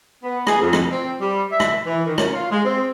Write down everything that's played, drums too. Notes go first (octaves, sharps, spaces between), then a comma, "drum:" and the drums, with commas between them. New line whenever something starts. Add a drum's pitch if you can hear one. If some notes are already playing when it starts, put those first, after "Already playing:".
B3
G#4, drum: rim click
F2
drum: rim click
C4
G3
E5
drum: rim click
E3
D#3
C#4, drum: rim click
F4
G#3
C4